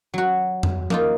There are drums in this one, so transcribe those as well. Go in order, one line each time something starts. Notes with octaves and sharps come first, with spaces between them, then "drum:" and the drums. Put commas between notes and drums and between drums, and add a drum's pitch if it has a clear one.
F#3 F#4
drum: tom
A#3 D#4 F4, drum: tom F3